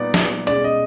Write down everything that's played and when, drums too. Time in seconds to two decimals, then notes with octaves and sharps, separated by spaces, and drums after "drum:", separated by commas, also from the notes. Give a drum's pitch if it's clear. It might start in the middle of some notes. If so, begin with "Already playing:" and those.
Already playing: A#2 G3 B3 D#4 D5
0.14 drum: snare
0.47 B2 G#3 C#4 D5, drum: hi-hat
0.64 D#5